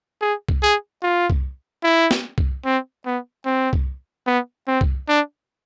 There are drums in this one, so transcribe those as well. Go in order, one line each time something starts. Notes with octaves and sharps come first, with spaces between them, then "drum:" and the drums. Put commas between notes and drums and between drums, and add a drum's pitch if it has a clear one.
G#4
drum: kick C2
G#4
F4
drum: kick C2
E4
drum: snare
drum: kick C2
C4
B3
C4
drum: kick C2
B3
C4
drum: kick C2
D4